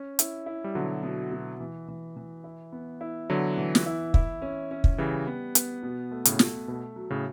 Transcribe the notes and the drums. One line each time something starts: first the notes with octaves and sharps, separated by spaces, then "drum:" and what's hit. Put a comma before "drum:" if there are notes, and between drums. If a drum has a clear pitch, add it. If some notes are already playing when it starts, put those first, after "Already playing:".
Already playing: C#4
E4, drum: hi-hat
E4
G3
B2 D3 F#3
B2
B2
E3
E3
E3
E4
B3
E4
D3 F#3 B3
E3
drum: snare
E4
E4, drum: kick
C#4
C#4
drum: kick
C#3 E3 G3
B3
B3, drum: hi-hat
B2
A3
A2 C#3, drum: hi-hat
A3, drum: snare
B2 A3
F#3
A2 C#3